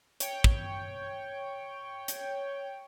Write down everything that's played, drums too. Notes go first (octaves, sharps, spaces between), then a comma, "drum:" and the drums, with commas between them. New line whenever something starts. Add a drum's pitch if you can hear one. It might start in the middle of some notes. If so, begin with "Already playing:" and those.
C#5 G5, drum: hi-hat
drum: kick
drum: hi-hat